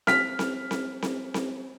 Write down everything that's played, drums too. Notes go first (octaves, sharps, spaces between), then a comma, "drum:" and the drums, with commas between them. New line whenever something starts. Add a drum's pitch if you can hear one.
F6 B6, drum: snare C4
drum: snare C4
drum: snare C4
drum: snare C4
drum: snare C4